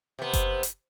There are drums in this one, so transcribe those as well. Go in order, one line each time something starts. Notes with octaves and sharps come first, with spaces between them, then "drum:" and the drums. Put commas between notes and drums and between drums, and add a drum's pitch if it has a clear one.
C3 B3
drum: kick F#1, hi-hat
drum: hi-hat